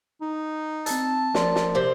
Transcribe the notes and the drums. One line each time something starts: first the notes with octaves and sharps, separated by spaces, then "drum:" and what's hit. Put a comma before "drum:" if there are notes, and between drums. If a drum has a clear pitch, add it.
D#4
C4 A5 E6, drum: hi-hat
F3 A#4 D5 C6, drum: snare
drum: snare
C3 C4 C5